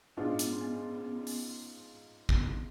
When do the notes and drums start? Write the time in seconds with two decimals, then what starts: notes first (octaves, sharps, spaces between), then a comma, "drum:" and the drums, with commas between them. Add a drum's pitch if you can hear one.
0.17 G#2 G#3 B3 D4 F4
0.28 C#4
0.39 B3, drum: hi-hat
0.51 C#4
0.61 B3
0.73 C#4
0.83 B3
0.94 C#4
1.05 B3
1.16 C#4
1.27 B3, drum: open hi-hat
2.29 B3, drum: kick